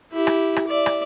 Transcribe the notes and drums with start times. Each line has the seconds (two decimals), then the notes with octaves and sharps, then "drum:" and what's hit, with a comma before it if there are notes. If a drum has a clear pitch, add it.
0.12 E4 G4
0.27 drum: rim click
0.56 drum: rim click
0.67 D5 E5
0.86 drum: rim click